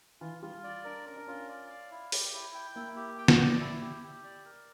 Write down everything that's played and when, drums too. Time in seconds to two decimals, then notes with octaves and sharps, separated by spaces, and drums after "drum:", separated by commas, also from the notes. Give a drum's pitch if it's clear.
0.21 E3 F4
0.42 G3 F4
0.64 D5
0.84 D4 A#4
1.06 C#4 A#4
1.16 D4
1.27 C#4 F4
1.49 D5
1.70 F5
1.91 E4
2.12 G4, drum: open hi-hat
2.33 E4
2.54 G5
2.76 A#3 E4
2.96 G4
3.18 G5
3.28 drum: snare
3.40 D5
3.60 E4
3.81 G4
4.03 G4
4.24 D5
4.45 A#4